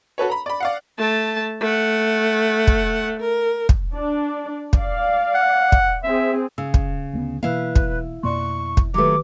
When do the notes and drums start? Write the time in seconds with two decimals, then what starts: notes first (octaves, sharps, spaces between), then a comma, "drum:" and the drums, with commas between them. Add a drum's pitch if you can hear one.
0.18 F#4 A4 B4 C#5
0.30 A#5 B5
0.46 D5 B5
0.60 D5 F5 F#5
0.98 A3 A5
1.61 A3 F#5
2.67 drum: kick
3.19 A#4
3.69 drum: kick
3.94 D4 D5
4.73 D5 F5, drum: kick
5.35 F#5
5.72 drum: kick
6.03 C4 G#4 E5
6.58 C#3 E6
6.74 drum: kick
7.14 D2 A3 B3
7.43 B2 E3 A#3 E4 B4 F5
7.76 drum: kick
8.23 F2 B2 A#3 D5 C6 C#6
8.77 drum: kick
8.94 D#3 F#3 A3 G4 B4 D6